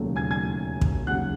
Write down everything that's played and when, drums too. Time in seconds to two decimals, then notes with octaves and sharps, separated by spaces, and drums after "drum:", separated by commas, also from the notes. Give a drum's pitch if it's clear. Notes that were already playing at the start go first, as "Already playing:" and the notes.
Already playing: E1 D#2 C#3 F#3 A3
0.16 G#5 G#6
0.31 G#5 G#6
0.81 drum: kick
1.07 D#2 C#3 F#3 F#5 F#6